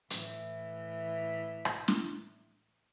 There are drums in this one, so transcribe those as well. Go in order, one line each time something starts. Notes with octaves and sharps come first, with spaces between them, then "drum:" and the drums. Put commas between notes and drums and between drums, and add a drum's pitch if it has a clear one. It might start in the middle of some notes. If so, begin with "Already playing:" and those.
A2 E3, drum: hi-hat
drum: rim click
drum: snare